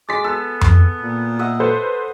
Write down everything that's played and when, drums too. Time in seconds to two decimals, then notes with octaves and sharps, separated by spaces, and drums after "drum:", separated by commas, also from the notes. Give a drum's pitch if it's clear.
0.09 G#3 D6 A6 B6
0.24 B3 A4 E6
0.61 drum: tom F2
1.01 A#2
1.39 D#5 E5 F#5
1.60 A4 B4 C5